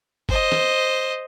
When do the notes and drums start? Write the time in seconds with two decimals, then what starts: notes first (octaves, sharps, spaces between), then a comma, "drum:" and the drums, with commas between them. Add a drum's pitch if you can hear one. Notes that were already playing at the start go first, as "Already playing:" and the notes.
0.29 C5 D#5, drum: kick
0.52 drum: snare